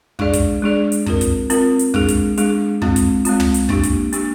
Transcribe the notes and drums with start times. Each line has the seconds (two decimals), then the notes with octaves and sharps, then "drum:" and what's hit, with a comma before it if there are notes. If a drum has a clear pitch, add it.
0.19 G#3 D4 G#4 D5, drum: kick
0.33 drum: kick, hi-hat
0.62 G#3 D4 G#4 D5
0.92 drum: hi-hat
1.06 C4 F4 A#4, drum: kick
1.21 drum: kick, hi-hat
1.50 C4 F4 A#4, drum: hi-hat
1.79 drum: hi-hat
1.94 G#3 D4 G#4, drum: kick
2.08 drum: kick, hi-hat
2.38 G#3 D4 G#4, drum: hi-hat
2.82 G#3 C4 F4, drum: kick
2.96 drum: kick, hi-hat
3.25 G#3 C4 F4, drum: hi-hat
3.40 drum: tom
3.54 drum: hi-hat
3.69 A#3 D4 G4, drum: kick
3.83 drum: kick, hi-hat
4.13 A#3 D4 G4, drum: hi-hat